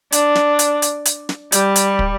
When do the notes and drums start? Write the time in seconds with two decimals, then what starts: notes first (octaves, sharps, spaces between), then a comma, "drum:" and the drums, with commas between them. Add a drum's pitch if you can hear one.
0.12 D4, drum: hi-hat
0.35 drum: snare
0.59 drum: hi-hat
0.82 drum: hi-hat
1.05 drum: hi-hat
1.29 drum: snare
1.52 G3, drum: hi-hat
1.76 drum: hi-hat
1.99 drum: kick